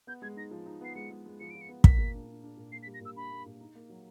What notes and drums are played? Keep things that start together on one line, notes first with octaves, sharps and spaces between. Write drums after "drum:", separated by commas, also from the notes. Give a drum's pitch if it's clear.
B3 G6
G#3 G#6
D#4 A#6
F3
D#4
B3 C7
G#3 C#7
G#3
G#3
F3 C#7
F3 D7
C#7
B3
A#3 B6, drum: kick
A#2
D4
D4
D4
A#2
A#3 C7
B6
G3
A#6
A#2 E6
D4 B5
A#3
A#2
D#4
A#3
F#3